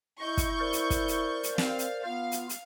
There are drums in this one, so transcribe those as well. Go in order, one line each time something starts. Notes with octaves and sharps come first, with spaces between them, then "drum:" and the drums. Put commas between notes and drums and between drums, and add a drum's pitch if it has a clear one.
E4 D#5 C#6 G6
drum: kick, hi-hat
A#4 C5 D5
drum: hi-hat
drum: kick, hi-hat
drum: hi-hat
drum: hi-hat
C4 F5, drum: snare
drum: hi-hat
B3 F4 F5
drum: hi-hat
drum: hi-hat